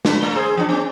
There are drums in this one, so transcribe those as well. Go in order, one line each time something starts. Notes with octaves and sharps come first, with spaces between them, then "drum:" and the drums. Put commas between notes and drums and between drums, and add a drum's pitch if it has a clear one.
D4 B4, drum: snare
A3 A#4
G#4 C5
F#2 F3 D4
B3 C#4